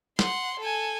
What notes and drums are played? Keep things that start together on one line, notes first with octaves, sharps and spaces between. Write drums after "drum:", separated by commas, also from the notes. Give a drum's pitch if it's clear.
F#5 C6, drum: snare
A4 G#5